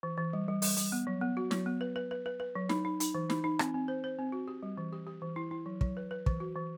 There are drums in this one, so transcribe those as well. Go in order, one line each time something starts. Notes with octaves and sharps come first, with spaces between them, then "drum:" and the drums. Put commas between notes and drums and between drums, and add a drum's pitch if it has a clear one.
E3
E3
G3
G3
G3, drum: open hi-hat
G3, drum: hi-hat
B3
F#3
B3
F#4
F#3, drum: snare
B3
B4
B4
B4
B4
B4
F#3
D#4, drum: snare
D#4
D#4, drum: hi-hat
E3
D#4, drum: snare
D#4
C4, drum: rim click
C4
C5
C5
C4
F#4
G4
G3
E3
G4
G4
E3
E4
E4
F#3
F#3, drum: kick
B4
B4
E3, drum: kick
F#4
E3